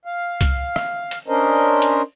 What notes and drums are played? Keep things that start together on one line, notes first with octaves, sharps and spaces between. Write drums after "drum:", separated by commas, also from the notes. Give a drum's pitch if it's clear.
F5
drum: kick, hi-hat
drum: rim click
drum: hi-hat
C#4 D4 A#4 C5 D#5
drum: hi-hat